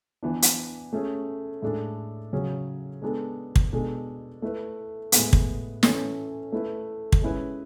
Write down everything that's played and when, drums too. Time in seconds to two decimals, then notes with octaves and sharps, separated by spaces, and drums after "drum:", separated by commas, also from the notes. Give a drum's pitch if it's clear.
0.23 E3 B3 D4
0.42 drum: hi-hat
0.93 A3 C#4 G#4
1.62 A2 G#3 D4 A4
2.33 C#3 F#3 C#4 G#4
3.02 G#3 B3 D4 A4
3.56 drum: kick
3.73 B2 G#3 D4 A4
4.42 A3 E4 B4
5.12 A2 G#3 B3, drum: hi-hat
5.33 drum: kick
5.83 E3 A3 C#4, drum: snare
6.52 A3 E4 B4
7.12 drum: kick
7.22 G#3 C#4 E4 B4